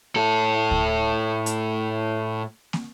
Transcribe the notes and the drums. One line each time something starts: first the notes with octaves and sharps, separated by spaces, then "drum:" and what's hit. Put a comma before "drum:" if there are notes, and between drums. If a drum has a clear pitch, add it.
A2 A4
drum: kick D2
drum: hi-hat
drum: snare